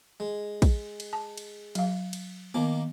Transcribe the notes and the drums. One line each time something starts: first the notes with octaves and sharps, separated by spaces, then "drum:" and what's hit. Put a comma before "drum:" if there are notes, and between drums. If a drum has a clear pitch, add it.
G#3
drum: kick, cymbal
drum: cymbal
A5
drum: cymbal
F#3 F5, drum: cymbal
drum: cymbal
D#3 A#3 B3 D6